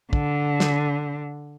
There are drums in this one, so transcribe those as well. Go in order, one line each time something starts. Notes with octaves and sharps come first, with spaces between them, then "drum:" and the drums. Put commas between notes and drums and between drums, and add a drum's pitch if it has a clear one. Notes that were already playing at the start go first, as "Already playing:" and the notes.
D3, drum: kick
drum: snare